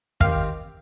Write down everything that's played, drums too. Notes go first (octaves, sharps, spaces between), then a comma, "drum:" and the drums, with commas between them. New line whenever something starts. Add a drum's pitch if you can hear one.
D#3 C4 G4 F5, drum: kick